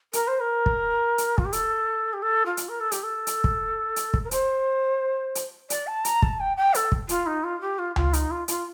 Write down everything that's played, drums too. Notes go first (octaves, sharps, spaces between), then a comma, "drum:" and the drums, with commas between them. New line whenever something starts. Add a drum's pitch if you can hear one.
A#4, drum: hi-hat
C5
A#4
drum: kick
drum: hi-hat
F4, drum: kick
G4
A4, drum: hi-hat
G4
A4
F4
drum: hi-hat
A#4
A4
G4, drum: hi-hat
A4
drum: hi-hat
drum: kick
drum: hi-hat
drum: kick
A#4
C5, drum: hi-hat
drum: hi-hat
D5, drum: hi-hat
A5
A#5, drum: hi-hat
A5, drum: kick
G5
G5
A4, drum: hi-hat
drum: kick
F4, drum: hi-hat
D#4
F4
G4
F4
F4, drum: tom C#2
D#4, drum: hi-hat
F4
F4, drum: hi-hat